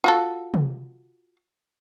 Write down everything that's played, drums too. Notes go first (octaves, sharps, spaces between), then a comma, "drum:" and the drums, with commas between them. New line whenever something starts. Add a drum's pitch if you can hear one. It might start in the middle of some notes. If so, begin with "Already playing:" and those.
F4 F#4 A4
drum: tom